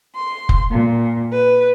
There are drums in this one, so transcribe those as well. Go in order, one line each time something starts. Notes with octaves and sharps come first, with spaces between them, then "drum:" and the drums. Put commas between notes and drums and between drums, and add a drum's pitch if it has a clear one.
C6
drum: kick F1
A#2
B4